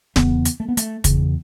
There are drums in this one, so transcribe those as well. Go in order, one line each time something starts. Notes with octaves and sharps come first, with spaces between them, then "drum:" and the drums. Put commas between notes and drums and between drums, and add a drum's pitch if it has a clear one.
E2 C#3 B3, drum: snare D1
drum: hi-hat
A3
B3
A3, drum: hi-hat
E2 C#3, drum: kick, hi-hat